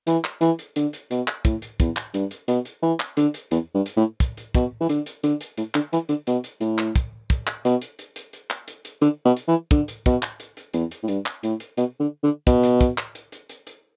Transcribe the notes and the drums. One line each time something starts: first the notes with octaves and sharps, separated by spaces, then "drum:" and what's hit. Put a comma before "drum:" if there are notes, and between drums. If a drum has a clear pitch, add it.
E3, drum: hi-hat
drum: clap
E3, drum: hi-hat
drum: hi-hat
D3, drum: hi-hat
drum: hi-hat
B2, drum: hi-hat
drum: clap
A2, drum: kick, hi-hat
drum: hi-hat
E2, drum: kick, hi-hat
drum: clap
G2, drum: hi-hat
drum: hi-hat
B2, drum: hi-hat
drum: hi-hat
E3
drum: clap
D3, drum: hi-hat
drum: hi-hat
E2, drum: hi-hat
G2
drum: hi-hat
A2
drum: kick, hi-hat
drum: hi-hat
B2, drum: kick, hi-hat
E3
D3, drum: hi-hat
drum: hi-hat
D3, drum: hi-hat
drum: hi-hat
A2, drum: hi-hat
D3, drum: clap
E3, drum: hi-hat
D3, drum: hi-hat
B2, drum: hi-hat
drum: hi-hat
A2, drum: hi-hat
drum: clap
drum: kick, hi-hat
drum: kick, hi-hat
drum: clap
B2, drum: hi-hat
drum: hi-hat
drum: hi-hat
drum: hi-hat
drum: hi-hat
drum: clap
drum: hi-hat
drum: hi-hat
D3, drum: hi-hat
B2
drum: hi-hat
E3
D3, drum: kick, hi-hat
drum: hi-hat
B2, drum: kick, hi-hat
drum: clap
drum: hi-hat
drum: hi-hat
E2, drum: hi-hat
drum: hi-hat
A2
G2, drum: hi-hat
drum: clap
A2, drum: hi-hat
drum: hi-hat
B2, drum: hi-hat
D3
D3
B2, drum: kick, hi-hat
drum: hi-hat
drum: kick, hi-hat
drum: clap
drum: hi-hat
drum: hi-hat
drum: hi-hat
drum: hi-hat